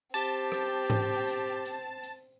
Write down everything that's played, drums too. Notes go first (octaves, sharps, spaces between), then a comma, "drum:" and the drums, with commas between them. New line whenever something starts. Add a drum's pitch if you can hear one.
C4 G4 A5, drum: hi-hat
drum: rim click
drum: tom G#2
drum: hi-hat
drum: hi-hat
drum: hi-hat